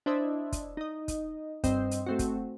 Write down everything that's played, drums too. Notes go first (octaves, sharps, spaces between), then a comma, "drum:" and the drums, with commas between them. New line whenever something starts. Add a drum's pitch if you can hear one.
D4 E4 C5 D#5 E5
drum: kick, hi-hat
D#4 D#5
drum: kick, hi-hat
G2 C4 D#5, drum: kick, hi-hat
drum: hi-hat
A3 C4 F#4
drum: kick, hi-hat